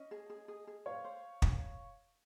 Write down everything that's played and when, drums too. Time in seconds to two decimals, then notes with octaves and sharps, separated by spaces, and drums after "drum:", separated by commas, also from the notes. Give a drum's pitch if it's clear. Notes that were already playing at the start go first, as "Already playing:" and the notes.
Already playing: C#4 D#5
0.11 G#4
0.30 G#4
0.48 G#4
0.67 G#4
0.86 C5 C#5 F5
1.04 C5
1.42 drum: kick